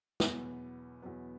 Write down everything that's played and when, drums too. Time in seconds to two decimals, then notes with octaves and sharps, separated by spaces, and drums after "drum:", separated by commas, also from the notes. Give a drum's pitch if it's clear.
0.20 E2 B2 F#3 B3, drum: snare
1.02 E2 B2 F#3 B3